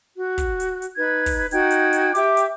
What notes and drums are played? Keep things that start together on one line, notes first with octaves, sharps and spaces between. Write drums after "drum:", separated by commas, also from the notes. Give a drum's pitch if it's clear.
F#4
drum: kick, hi-hat
drum: hi-hat
drum: hi-hat
D#4 B4 G#6
drum: kick, open hi-hat
D#4 F#4 G5 G#6, drum: hi-hat
drum: hi-hat
drum: hi-hat
G4 E5 G5 D6, drum: hi-hat
drum: hi-hat